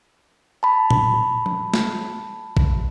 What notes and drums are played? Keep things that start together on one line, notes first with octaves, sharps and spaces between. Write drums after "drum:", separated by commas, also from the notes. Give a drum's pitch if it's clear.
A5 B5
drum: tom A#2
drum: tom F3
drum: snare
drum: kick A1